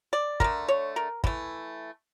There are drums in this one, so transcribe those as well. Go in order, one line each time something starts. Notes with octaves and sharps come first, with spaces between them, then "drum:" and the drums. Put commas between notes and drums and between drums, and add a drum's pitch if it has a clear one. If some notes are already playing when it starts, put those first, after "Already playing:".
D5
D3 A3 A#4, drum: kick
C#5
A#4
E3 A3, drum: kick